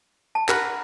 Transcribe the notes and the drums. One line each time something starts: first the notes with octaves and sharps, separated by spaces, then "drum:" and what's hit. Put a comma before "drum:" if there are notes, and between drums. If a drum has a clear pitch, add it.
A5
A#4 B4 F#5, drum: clap